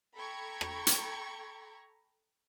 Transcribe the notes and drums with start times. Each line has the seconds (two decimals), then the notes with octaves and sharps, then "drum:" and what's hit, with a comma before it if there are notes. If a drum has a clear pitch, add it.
0.15 A4 G5 A#5 B5 C#6 G#6
0.61 drum: rim click
0.87 drum: hi-hat